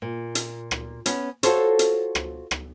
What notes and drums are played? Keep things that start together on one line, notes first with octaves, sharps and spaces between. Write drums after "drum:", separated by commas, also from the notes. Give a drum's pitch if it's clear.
A#2
drum: hi-hat
drum: rim click
B3 C#4, drum: hi-hat
F4 F#4 A4 C5 C#5, drum: hi-hat
drum: hi-hat
drum: rim click
drum: rim click